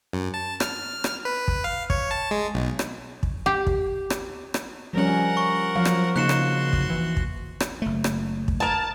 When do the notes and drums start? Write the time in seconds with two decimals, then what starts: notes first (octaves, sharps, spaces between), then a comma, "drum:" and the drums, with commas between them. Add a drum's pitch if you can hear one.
0.13 F#2
0.34 A5
0.60 F6, drum: rim click
1.04 drum: rim click
1.25 B4
1.48 drum: kick
1.64 F5
1.90 C#5, drum: kick
2.11 A5
2.31 G#3
2.54 B1
2.79 drum: rim click
3.23 drum: kick
3.46 G4
3.67 drum: kick
4.10 drum: rim click
4.54 drum: rim click
4.93 F3 G3 C#4 A#4 F#5
5.37 C#6
5.76 F3 F#3 F5
5.85 drum: rim click
6.16 C#3 A#3 D#4 F#4 C6 F#6 C#7 E7
6.29 drum: rim click
6.73 drum: kick
6.90 E3
7.17 drum: kick
7.60 drum: rim click
7.82 F#1 A3
8.04 drum: rim click
8.48 drum: kick
8.60 A#4 G#5 A5